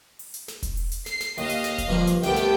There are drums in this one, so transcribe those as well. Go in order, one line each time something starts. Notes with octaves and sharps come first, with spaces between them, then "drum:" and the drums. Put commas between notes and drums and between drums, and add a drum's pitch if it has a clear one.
drum: open hi-hat
drum: hi-hat
drum: snare
drum: kick E1, hi-hat
drum: open hi-hat
drum: hi-hat
C7, drum: snare
drum: snare
D#2 D#5 F5, drum: open hi-hat
drum: hi-hat
drum: snare
drum: kick E1, hi-hat
G2 F3 A#3
drum: hi-hat
C2 A3 B3 G4 G5, drum: snare
drum: snare